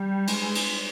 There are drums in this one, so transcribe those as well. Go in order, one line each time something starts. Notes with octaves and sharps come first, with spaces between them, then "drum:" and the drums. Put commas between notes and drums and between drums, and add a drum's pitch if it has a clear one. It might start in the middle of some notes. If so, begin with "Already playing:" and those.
Already playing: G3
G#3, drum: cymbal
drum: cymbal